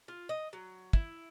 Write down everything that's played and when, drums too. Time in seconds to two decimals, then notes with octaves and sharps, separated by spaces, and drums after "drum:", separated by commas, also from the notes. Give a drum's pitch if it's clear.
0.08 F4
0.29 D#5
0.53 F#3
0.93 E4, drum: kick